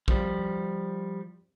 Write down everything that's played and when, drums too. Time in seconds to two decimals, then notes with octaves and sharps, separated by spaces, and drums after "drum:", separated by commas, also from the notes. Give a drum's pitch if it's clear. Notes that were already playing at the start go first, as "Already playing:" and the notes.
0.08 F3 G3, drum: kick A#1